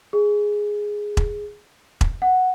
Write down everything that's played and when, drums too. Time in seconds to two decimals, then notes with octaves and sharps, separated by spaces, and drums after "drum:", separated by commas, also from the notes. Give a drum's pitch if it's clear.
0.13 G#4
1.17 drum: kick E1
2.01 drum: kick E1
2.22 F#5